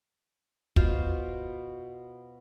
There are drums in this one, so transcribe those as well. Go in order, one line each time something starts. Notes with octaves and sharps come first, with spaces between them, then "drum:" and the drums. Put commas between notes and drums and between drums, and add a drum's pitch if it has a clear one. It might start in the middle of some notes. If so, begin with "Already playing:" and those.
B2 F4 C5 F5, drum: kick